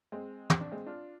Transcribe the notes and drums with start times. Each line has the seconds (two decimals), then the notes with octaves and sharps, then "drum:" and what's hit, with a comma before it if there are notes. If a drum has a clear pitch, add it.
0.12 G#3 C4
0.50 C4, drum: tom
0.61 D4
0.71 G#3 C4
0.86 D4 F4